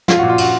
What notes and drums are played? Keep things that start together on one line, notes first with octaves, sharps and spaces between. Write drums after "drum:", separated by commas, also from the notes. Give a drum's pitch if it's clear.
F3 F4, drum: snare
A#2 F#4
F4
A#2 F#4, drum: cymbal